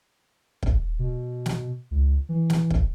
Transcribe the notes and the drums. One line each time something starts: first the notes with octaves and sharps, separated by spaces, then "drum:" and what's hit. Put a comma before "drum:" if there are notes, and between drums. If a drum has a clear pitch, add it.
drum: kick
B2
drum: snare
C#2
E3
drum: snare
drum: kick